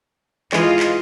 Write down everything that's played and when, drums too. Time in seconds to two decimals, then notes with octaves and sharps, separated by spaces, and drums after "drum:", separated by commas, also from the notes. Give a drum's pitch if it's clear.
0.52 E3 G#3 F4 D#5, drum: clap
0.80 drum: clap